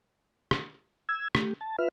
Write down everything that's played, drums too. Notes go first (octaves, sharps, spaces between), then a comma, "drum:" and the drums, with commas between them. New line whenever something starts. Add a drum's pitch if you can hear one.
drum: rim click
E6 G#6
A3 G4, drum: rim click
A5
F4 B4 E5 F6